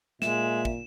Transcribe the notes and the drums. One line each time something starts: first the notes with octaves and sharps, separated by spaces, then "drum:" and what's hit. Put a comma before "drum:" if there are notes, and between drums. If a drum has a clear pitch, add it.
A#2 G#3 E5 E7, drum: snare
drum: kick